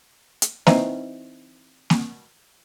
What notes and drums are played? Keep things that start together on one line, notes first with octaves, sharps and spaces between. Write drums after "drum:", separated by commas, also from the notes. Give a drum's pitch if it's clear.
drum: hi-hat
E3 C4 D#4, drum: snare A#3
drum: snare A#3